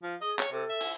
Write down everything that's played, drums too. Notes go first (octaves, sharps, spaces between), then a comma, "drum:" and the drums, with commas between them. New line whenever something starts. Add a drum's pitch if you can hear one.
F3
G#4 D#5
C#5, drum: clap
C3 A4
E5
drum: cymbal